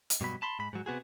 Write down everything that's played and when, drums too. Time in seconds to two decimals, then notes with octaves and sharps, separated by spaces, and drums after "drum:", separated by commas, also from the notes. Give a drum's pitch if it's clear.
0.10 drum: hi-hat
0.21 G2 B2 F#3 B5
0.42 A5 B5 C6
0.59 G#2 B5
0.73 G#2 F#3
0.86 C3 B3 F#4 G#4